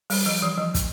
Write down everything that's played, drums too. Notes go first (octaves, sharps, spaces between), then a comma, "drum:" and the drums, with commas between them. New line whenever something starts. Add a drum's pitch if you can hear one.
G3, drum: open hi-hat
F3
E3
F3
drum: kick, hi-hat